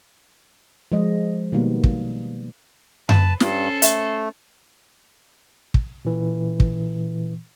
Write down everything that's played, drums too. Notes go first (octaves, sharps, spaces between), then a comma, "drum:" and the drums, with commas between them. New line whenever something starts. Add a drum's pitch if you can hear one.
F3 G#3 D#5
B2 D#3 G3 A#3 B3
drum: kick
B4 A5, drum: tom F#2
G2 C#4 A4 C5, drum: snare
A3 E5, drum: hi-hat
drum: kick
A#2 E3
drum: kick